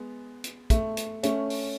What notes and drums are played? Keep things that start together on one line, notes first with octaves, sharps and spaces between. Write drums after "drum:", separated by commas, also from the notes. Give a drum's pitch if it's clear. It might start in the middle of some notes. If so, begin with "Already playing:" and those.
Already playing: G#3 B3
drum: hi-hat
A3, drum: kick, hi-hat
drum: hi-hat
A3 C#4, drum: hi-hat
drum: open hi-hat